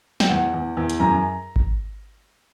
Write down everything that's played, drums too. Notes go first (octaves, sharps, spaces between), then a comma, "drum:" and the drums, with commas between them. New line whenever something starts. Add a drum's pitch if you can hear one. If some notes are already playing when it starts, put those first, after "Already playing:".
G5, drum: snare
E2 F#5
E2
E2
drum: hi-hat
F#2 A#5
drum: kick G#1